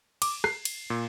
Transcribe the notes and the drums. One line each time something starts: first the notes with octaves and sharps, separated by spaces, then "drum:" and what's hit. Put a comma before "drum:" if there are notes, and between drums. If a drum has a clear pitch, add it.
D6, drum: cymbal
C7, drum: rim click
drum: cymbal
A#2